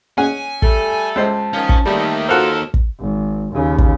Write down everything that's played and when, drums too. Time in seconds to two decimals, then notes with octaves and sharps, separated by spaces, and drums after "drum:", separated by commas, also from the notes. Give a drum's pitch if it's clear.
0.18 C#4 G#4 F#5 G#5
0.62 G3 A3 A4, drum: kick
1.16 C#2 G#3 C5 A5
1.53 D#3 F3 C#4
1.69 drum: kick
1.86 D#3 G3 A3 A#3 D#4
2.29 F4 F#4 A4 A#4 C5
2.74 drum: kick
3.00 G#1
3.54 D#2 C#3
3.78 drum: kick